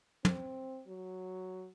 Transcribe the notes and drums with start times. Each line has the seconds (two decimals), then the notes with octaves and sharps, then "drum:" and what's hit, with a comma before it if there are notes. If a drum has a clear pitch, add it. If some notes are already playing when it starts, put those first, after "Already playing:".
0.25 C4, drum: tom
0.88 F#3